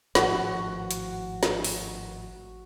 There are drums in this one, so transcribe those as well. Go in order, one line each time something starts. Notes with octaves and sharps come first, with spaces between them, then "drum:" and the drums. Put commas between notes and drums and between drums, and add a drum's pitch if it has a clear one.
G#1 A2 F3 F#4, drum: snare
drum: hi-hat
drum: snare
drum: open hi-hat